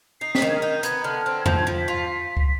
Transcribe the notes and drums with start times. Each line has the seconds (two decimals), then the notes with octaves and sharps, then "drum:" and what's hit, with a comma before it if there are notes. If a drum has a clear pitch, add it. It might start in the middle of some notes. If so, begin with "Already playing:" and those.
0.21 D#4 C7
0.35 B6, drum: snare
0.42 D#3
0.49 G#6
0.56 F6
0.62 D#4 G6
0.83 B3 G#6, drum: hi-hat
1.04 D3 F6
1.25 C4 F6
1.41 G#6
1.46 F3 G6, drum: tom E2
1.57 G#6
1.67 F3
1.78 B6
1.88 F4
2.37 drum: kick